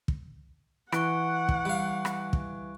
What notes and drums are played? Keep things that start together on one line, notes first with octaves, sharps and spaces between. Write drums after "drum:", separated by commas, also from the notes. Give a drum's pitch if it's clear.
drum: kick
E3 F#5 C#6 F#6 D7, drum: rim click
drum: kick
G3 F5
drum: rim click
drum: kick